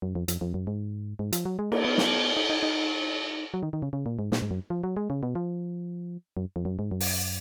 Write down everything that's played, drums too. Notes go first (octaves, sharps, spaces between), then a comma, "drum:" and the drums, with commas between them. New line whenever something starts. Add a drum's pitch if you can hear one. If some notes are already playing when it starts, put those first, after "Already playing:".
F#2
F2
F2, drum: hi-hat
F2
F#2
G#2
G#2
F3, drum: hi-hat
F#3
G#3
A#3, drum: cymbal
B3
drum: snare
D#4
D#4
D#4
F#3
D#3
D#3
C#3
C#3
A#2
G#2
A#2, drum: snare
G#2
F#2
F3
F#3
G#3
C#3
B2
F3
F#2
F2
F#2
G#2
F#2
drum: open hi-hat